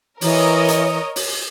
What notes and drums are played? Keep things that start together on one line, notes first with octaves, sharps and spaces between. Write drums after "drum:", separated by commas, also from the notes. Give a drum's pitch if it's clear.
E3 A#4 C#5 D#5, drum: open hi-hat
drum: hi-hat
drum: open hi-hat